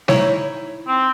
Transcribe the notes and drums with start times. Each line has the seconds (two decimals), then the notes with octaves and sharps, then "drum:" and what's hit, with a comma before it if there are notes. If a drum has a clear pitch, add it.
0.08 D#4 E4 C#5, drum: snare
0.88 C4